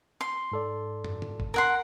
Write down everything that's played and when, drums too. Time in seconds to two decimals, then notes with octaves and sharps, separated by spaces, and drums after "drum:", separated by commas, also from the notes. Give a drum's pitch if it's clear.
0.21 C6
0.52 G#2 A4 D5
1.04 drum: tom
1.22 drum: tom C#3
1.40 drum: kick
1.54 A#4 F#5 C6